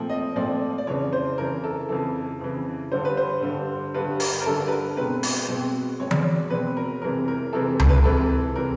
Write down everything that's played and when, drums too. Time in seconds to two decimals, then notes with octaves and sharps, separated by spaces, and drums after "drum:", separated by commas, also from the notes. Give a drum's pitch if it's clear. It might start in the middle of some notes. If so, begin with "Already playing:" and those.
Already playing: A#2 F3 A3 C4
0.10 D#5
0.36 A#2 F3 A3 C4 D5
0.78 D5
0.87 F2 C#3 E3 C#5
1.13 C5
1.38 F2 C#3 E3 A#4
1.64 A4
1.89 F2 C#3 E3 A4
2.41 F2 C#3 E3
2.91 G2 D3 G3 C5
3.05 B4
3.17 C5
3.43 G2 D3 G3
3.94 G2 D3 G3 B4
4.20 A#4, drum: open hi-hat
4.42 A#4
4.46 G2 D3 G3 A4
4.67 B4
4.71 A#4
4.96 B2 G#3 C4 B4
5.23 drum: open hi-hat
5.48 B2 G#3 C4
6.00 B2 G#3 C4 C#5
6.11 D5, drum: tom E3
6.23 C#5
6.50 B2 G#3 C4 B4
6.77 A#4
7.01 F2 C3 E3 G#3 A#4
7.28 A#4
7.53 F2 C3 E3 G#3 A4
7.80 drum: tom C#2
7.89 B4
7.96 A#4
8.04 F2 C3 E3 G#3 A4
8.56 C3 E3 G#3 A#4